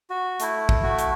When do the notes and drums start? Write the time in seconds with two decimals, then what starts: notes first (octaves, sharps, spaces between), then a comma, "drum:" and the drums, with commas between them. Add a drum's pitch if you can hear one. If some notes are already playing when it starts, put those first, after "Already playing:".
0.10 F#4
0.40 A3 E4, drum: hi-hat
0.69 drum: kick
0.83 F#4
0.99 drum: hi-hat